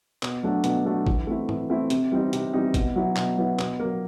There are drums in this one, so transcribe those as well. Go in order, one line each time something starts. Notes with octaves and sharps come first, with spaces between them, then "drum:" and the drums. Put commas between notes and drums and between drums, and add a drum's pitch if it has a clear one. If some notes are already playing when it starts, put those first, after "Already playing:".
B2, drum: clap
F#3 A3 D4
B2, drum: hi-hat
F#3 A3 D4
E3, drum: kick G#1
A3 C4 E4
E3, drum: tom
A3 C4 E4
C3, drum: hi-hat
E3 G3 C4 D#4
C3, drum: hi-hat
E3 G3 C4 D#4
B2, drum: kick G#1, hi-hat
F#3 B3 E4
B2, drum: clap
F#3 B3 E4
B2, drum: clap
F#3 A#3